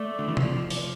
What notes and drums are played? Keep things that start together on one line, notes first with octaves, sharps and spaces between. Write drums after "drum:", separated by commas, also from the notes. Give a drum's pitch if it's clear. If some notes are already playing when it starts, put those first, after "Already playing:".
Already playing: A3 D5
D3
E3
F3, drum: tom C3
drum: open hi-hat